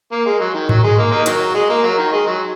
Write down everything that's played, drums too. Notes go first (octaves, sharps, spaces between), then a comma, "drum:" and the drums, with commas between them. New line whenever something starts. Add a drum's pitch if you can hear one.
A#3
G#3
F#3
D#3
F#3, drum: tom G#2
G#3
A#3
A#3 D#4
D#3 F#3, drum: hi-hat
G#3
A#3
F#3
D#3
G#3
F#3